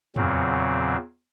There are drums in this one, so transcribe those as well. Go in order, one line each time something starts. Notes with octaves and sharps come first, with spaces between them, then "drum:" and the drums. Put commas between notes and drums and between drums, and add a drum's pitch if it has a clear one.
E2 A#2 C#3 F#3 C4, drum: tom